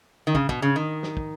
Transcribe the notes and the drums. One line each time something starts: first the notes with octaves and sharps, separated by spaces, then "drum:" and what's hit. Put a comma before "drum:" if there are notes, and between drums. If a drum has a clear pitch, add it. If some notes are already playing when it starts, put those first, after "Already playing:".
D#3
C#3, drum: kick
B2, drum: kick
C#3
D#3
drum: snare
drum: kick